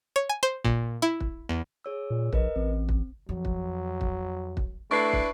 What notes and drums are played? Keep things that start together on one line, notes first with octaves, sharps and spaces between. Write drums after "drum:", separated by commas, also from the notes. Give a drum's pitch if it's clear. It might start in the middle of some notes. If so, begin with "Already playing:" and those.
C#5
G#5
C5
A#2, drum: kick
E4
drum: kick
E2
G#4 C#5 E6
A#2
A#1 A#4 B4 D#5, drum: kick
A1 C4
drum: kick
F2 F#3
drum: kick
drum: kick
drum: kick
A3 D4 E4 B4 C#6 C7
drum: kick